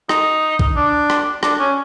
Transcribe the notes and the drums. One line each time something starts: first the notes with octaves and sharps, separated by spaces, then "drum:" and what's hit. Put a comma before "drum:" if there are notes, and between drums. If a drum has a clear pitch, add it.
D#4, drum: rim click
drum: kick A#1
D4
drum: rim click
D4, drum: rim click
C#4